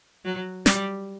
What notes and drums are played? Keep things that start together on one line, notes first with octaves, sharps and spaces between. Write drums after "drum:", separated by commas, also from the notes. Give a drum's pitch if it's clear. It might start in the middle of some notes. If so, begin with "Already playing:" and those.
F#3
G3, drum: snare